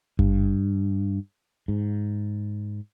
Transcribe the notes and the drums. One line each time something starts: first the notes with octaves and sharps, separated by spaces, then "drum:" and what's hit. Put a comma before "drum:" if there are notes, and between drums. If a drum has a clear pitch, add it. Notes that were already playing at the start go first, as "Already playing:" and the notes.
G2, drum: kick G#1
G#2